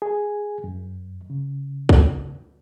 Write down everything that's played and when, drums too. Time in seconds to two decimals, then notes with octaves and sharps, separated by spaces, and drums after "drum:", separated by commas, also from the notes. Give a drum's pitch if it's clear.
0.02 G#4 G#5
0.64 F#2
1.30 C#3
1.89 drum: kick